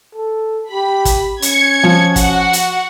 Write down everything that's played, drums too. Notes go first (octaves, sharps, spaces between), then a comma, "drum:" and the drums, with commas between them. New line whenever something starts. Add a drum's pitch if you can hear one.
A4
G4 B5
drum: kick, hi-hat
C#4 G#6 C#7, drum: hi-hat
F3
F#4 F#5, drum: kick, hi-hat
drum: hi-hat